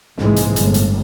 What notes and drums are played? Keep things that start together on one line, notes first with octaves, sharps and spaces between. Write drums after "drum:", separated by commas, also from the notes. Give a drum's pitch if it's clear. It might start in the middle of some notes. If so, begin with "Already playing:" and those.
A#1 G#2 C3 E3 G#3, drum: snare
drum: hi-hat
G1 A2, drum: hi-hat
drum: hi-hat